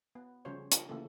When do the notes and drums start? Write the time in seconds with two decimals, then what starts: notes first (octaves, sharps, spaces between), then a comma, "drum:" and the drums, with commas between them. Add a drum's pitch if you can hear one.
0.15 B3
0.45 C#3 F3 G3 C#4 C5 C#5
0.72 F4, drum: hi-hat
0.89 C#3 E3 A3 A#3 A4